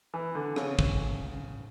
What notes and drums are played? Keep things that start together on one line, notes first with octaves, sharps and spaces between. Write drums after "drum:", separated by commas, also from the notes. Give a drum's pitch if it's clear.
E3
D3
C#3, drum: rim click
drum: kick